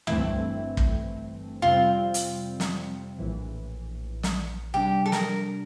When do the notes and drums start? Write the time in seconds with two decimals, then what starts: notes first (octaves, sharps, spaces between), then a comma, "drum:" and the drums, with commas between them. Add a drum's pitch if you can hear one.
0.07 G1 G2 E3 A3 C4 E4, drum: tom
0.77 drum: kick
1.62 F2 C3 G3 C4 F4
2.14 drum: hi-hat
2.60 drum: snare
3.18 A#1 A2 E3
4.23 drum: snare
4.73 C3 G3 D4 G4
5.06 A4
5.12 A#4, drum: snare